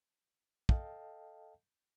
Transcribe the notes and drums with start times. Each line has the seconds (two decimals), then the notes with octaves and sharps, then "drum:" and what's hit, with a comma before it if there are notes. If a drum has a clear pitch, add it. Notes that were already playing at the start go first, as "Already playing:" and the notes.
0.69 A4 D#5 F5 G5 A5, drum: kick